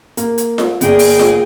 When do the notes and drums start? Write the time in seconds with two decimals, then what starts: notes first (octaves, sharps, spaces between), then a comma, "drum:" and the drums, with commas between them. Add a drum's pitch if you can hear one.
0.17 A#3, drum: hi-hat
0.38 drum: hi-hat
0.58 drum: snare F4
0.81 G1 A#3 G#4 D5 G5, drum: hi-hat
0.99 drum: open hi-hat
1.19 drum: snare F4